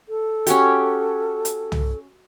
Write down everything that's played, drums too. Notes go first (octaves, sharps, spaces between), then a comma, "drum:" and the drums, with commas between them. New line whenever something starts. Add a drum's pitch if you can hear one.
A4
C#4 F#4 G4, drum: hi-hat
drum: hi-hat
drum: tom